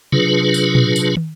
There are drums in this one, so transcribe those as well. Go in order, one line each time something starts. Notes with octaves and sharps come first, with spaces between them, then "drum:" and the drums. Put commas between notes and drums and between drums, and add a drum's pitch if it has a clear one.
C3 F#3 D4 F4 G#4 B4, drum: tom C3
drum: tambourine
drum: tom A#2
drum: tambourine
drum: tom